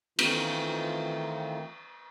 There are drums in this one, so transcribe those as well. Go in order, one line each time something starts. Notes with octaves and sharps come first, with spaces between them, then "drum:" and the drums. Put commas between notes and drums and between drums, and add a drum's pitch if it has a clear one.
D#3 E3 A3 C4 D#4 F4, drum: cymbal